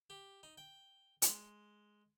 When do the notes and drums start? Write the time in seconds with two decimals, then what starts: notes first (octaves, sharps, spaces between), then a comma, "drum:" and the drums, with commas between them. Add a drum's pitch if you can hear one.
0.10 G4
0.43 D#4
0.58 G5
1.22 G#3, drum: hi-hat